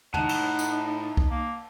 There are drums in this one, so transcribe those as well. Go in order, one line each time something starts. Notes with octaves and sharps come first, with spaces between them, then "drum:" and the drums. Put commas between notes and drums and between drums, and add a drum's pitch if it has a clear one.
A2 D#4 F#5 A5, drum: tom
drum: cymbal
drum: tambourine
drum: kick C2
A#3